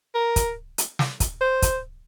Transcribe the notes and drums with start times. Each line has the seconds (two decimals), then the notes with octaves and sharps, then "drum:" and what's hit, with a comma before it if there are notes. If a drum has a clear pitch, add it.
0.15 A#4
0.36 drum: kick, hi-hat
0.78 drum: hi-hat
0.99 drum: snare
1.20 drum: kick, hi-hat
1.41 C5
1.62 drum: kick, hi-hat